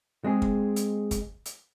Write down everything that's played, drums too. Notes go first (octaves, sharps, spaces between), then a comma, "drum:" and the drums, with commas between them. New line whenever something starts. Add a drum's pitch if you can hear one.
G#3 C4 G#4
drum: kick
drum: hi-hat
drum: kick, hi-hat
drum: hi-hat